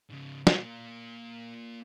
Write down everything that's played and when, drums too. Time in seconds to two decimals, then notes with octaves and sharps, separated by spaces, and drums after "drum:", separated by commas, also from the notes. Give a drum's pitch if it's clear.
0.10 G#2 C#3
0.47 A#3 F4, drum: snare